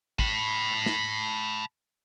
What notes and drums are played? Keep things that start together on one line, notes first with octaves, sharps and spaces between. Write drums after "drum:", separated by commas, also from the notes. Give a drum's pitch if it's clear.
A5 B5, drum: kick
drum: snare